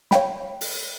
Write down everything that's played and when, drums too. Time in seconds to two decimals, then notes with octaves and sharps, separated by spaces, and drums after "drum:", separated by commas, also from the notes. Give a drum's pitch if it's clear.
0.11 C#5 F5 G5 B5, drum: snare
0.61 drum: open hi-hat